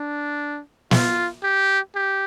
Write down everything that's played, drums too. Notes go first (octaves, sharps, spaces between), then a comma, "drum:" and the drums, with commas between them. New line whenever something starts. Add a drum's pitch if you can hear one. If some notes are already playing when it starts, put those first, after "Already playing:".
Already playing: D4
F4, drum: snare
G4
G4